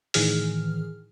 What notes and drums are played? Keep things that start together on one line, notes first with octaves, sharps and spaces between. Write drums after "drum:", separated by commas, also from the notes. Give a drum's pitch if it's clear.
A2 D#3 E3 G#4 F6, drum: open hi-hat